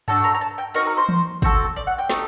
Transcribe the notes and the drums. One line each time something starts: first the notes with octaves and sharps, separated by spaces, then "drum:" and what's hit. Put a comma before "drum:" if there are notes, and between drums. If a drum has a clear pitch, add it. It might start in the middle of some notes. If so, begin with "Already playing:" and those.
A3 D4 F#4 A4 A5, drum: tom G2
A#5
A#5
A5
G5
C4 D#4 F#4 A#4, drum: hi-hat
A#4
C5
drum: tom E3
C4 F#4 A4, drum: kick, hi-hat
D5
F#5
G5
A3 D#4 G4, drum: snare